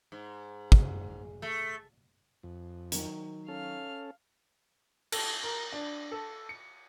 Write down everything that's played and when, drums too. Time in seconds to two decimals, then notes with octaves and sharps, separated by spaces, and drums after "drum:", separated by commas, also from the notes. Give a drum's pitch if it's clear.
0.12 G#2
0.72 drum: kick
1.42 A3
2.43 F2
2.92 D#3 F#3, drum: hi-hat
3.48 C#4 A4 F5 F6
5.12 A4, drum: cymbal
5.43 A#4
5.72 D4
6.11 A4
6.49 C#7